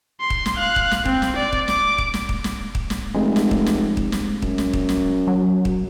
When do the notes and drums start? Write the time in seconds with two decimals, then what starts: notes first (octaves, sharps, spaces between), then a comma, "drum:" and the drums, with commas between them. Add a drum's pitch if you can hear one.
0.21 C6
0.30 drum: kick
0.46 drum: snare
0.56 F5 F#6
0.76 drum: kick
0.91 drum: snare
1.05 C4, drum: kick
1.22 drum: snare
1.36 D5
1.53 drum: kick
1.68 D6, drum: snare
1.98 drum: kick
2.14 drum: snare
2.29 drum: kick
2.44 drum: snare
2.75 drum: kick
2.90 drum: snare
3.14 F1 G#3
3.36 drum: snare
3.51 drum: kick
3.66 drum: snare
3.97 drum: kick
4.12 drum: snare
4.42 F#2, drum: kick
4.58 drum: snare
4.73 drum: kick
4.89 drum: snare
5.27 F#3
5.65 drum: kick